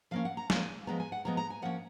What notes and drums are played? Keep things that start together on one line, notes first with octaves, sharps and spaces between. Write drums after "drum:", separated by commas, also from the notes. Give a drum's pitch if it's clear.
F3 A#3 C#4 F5
F#5
A#5
F3 A#3 C#4 G#5, drum: snare
F3 G#3 B3 A#5
G#5
F#5
F3 G#3 B3 A#5
A#5
G#5
F3 A#3 C#4 F#5